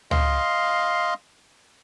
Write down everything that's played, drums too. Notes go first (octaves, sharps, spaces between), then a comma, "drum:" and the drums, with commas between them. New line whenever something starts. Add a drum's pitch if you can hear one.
D#5 F5 C6, drum: tom C#2